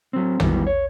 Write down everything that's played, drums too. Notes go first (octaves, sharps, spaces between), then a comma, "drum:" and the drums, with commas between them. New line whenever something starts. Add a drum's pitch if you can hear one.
F#3 C4
D#3 E3 F#3 G3 B3, drum: tom
C#5